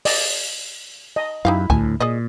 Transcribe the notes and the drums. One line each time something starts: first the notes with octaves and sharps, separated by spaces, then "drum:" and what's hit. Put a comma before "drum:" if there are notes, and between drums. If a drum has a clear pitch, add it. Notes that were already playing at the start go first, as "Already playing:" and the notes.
D5 D#5, drum: open hi-hat
D#5
F#2 D#4 E4 G4 F5
D2 A2 G#5 A5, drum: kick C2
A#2 G#4 D5 D#5